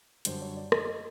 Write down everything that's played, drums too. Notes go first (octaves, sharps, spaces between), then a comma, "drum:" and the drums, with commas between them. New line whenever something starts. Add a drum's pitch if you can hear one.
F#2 D3 G3 C5, drum: hi-hat
C#5
D5
D#5, drum: rim click
D#5